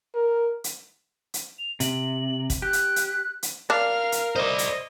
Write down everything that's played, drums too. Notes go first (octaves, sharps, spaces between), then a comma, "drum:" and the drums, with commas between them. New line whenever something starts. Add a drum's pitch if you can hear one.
A#4
drum: hi-hat
drum: hi-hat
F7
C3 F#7, drum: hi-hat
drum: kick, hi-hat
G4 F#6
drum: hi-hat
drum: hi-hat
drum: hi-hat
D4 A#4 F5
drum: hi-hat
C5 D5 D#5
drum: hi-hat